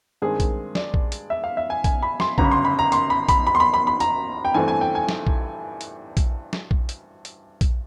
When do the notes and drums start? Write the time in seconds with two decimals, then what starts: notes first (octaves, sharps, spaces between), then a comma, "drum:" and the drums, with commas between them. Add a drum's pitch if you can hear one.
0.22 G2 D#3 G#3 C4 G#4
0.40 drum: kick A#1, hi-hat
0.75 D5, drum: snare
0.94 drum: kick A#1
1.12 drum: hi-hat
1.30 E5
1.44 F5
1.57 E5
1.70 G#5
1.84 G#5, drum: kick A#1, hi-hat
2.02 B5
2.20 C6, drum: snare
2.38 G1 F#2 C#3 A#5, drum: kick A#1
2.45 B5
2.51 C6
2.65 B5
2.79 A#5
2.92 C6, drum: hi-hat
3.10 B5
3.29 B5, drum: kick A#1, hi-hat
3.47 B5
3.55 C6
3.60 B5
3.74 B5
3.87 B5
4.00 A#5, drum: hi-hat
4.45 G5
4.54 G2 E3 A3 C4 G#5
4.68 G#5
4.81 G5
4.95 G#5
5.09 drum: snare
5.27 drum: kick A#1
5.81 drum: hi-hat
6.17 drum: kick A#1, hi-hat
6.53 drum: snare
6.71 drum: kick A#1
6.89 drum: hi-hat
7.25 drum: hi-hat
7.61 drum: kick A#1, hi-hat